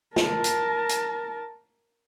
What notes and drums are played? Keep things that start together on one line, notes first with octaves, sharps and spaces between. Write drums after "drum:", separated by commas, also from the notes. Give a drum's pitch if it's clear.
A#4 A5, drum: snare
drum: hi-hat
drum: hi-hat